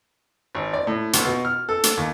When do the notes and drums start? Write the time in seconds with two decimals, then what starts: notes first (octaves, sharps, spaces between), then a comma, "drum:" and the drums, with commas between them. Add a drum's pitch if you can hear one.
0.55 G#1
0.73 D5
0.87 A2
1.13 B1, drum: hi-hat
1.25 B2
1.45 F6
1.69 A4
1.83 drum: hi-hat
1.97 D#2